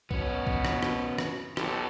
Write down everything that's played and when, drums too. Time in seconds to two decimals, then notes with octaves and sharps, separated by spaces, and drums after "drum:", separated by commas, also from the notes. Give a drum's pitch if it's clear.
0.11 B2 B3 C#4, drum: kick B1
0.47 drum: kick B1
0.65 drum: rim click
0.83 drum: rim click
1.18 drum: rim click
1.57 B1 G4 A4, drum: rim click